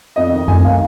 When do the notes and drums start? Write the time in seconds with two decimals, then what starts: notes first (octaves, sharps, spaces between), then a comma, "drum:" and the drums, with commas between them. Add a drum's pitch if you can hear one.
0.16 F2 D#5
0.32 D#3
0.48 F2 G#5, drum: tom F#2
0.64 D#3 F5